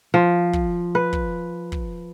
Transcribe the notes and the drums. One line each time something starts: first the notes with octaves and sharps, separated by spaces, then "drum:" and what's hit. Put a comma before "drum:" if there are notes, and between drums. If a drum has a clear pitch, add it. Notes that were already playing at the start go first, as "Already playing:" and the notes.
F3
drum: kick
B4
drum: kick
drum: kick